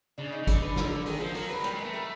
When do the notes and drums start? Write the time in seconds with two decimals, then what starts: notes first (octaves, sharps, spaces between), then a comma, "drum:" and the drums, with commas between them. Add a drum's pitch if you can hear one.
0.18 C#3 D4
0.32 D#4
0.43 C#3
0.47 D3 A4, drum: kick G#1, hi-hat
0.62 B4
0.76 A#4, drum: snare
0.91 A4
1.06 D#3 G#4, drum: open hi-hat
1.20 F3 A4
1.34 F#3 A#4, drum: open hi-hat
1.49 B4
1.59 G#3
1.64 G3 A#4, drum: hi-hat
1.74 G#3
1.79 B4
1.84 A3
1.94 A#4